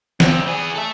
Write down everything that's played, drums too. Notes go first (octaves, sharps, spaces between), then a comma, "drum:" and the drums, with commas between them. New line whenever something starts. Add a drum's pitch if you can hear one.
G2 C4, drum: snare
E3 G#4
A4 E5